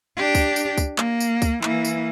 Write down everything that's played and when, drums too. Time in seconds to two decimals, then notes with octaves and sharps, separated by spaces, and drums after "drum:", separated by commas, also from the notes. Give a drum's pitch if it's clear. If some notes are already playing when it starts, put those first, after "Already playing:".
0.17 D4 G4
0.35 drum: kick C#2, tambourine
0.56 drum: tambourine
0.78 drum: kick C#2, tambourine
0.98 A#3, drum: clap
1.20 drum: tambourine
1.42 drum: kick C#2, tambourine
1.63 E3 A#3, drum: clap
1.85 drum: tambourine